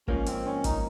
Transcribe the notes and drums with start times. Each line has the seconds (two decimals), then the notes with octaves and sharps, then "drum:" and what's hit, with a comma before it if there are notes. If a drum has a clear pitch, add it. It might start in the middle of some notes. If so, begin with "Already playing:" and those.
0.08 G#2 F3 A#3 C#4, drum: kick
0.27 C4, drum: hi-hat
0.45 C#4
0.64 D#4, drum: kick, hi-hat